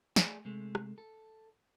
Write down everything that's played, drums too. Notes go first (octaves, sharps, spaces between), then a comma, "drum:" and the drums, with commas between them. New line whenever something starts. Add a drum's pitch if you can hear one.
A3 G#4 D5 G#5, drum: snare
C3 G#3 A3
drum: rim click
A4